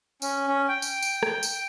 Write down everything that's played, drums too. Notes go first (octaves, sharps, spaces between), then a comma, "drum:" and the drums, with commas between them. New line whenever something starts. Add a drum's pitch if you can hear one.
C#4, drum: tambourine
C#4
G5
drum: tambourine
drum: tambourine
drum: rim click
drum: tambourine